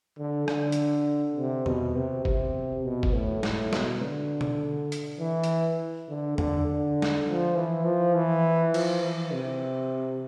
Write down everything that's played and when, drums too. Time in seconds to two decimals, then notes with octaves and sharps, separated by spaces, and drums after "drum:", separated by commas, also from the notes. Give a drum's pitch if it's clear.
0.19 D3
0.48 D3, drum: rim click
0.72 drum: hi-hat
1.37 C3
1.66 B2, drum: tom E2
1.96 C3
2.25 C3, drum: kick
2.84 B2
3.03 drum: kick
3.13 A2
3.43 A2, drum: snare
3.73 B2, drum: snare
4.02 D3
4.41 drum: tom B2
4.92 drum: hi-hat
5.20 E3
5.44 drum: hi-hat
6.09 D3
6.38 D3, drum: tom E2
6.67 D3
7.02 drum: snare
7.27 F3
7.56 E3
7.85 F3
8.15 E3
8.74 F3, drum: cymbal
9.03 E3
9.33 C3